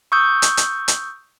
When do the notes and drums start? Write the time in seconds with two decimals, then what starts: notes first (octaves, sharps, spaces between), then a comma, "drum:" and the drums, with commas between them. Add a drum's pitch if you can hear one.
0.12 C#6 D#6 E6 G6
0.42 drum: hi-hat
0.57 drum: hi-hat
0.88 drum: hi-hat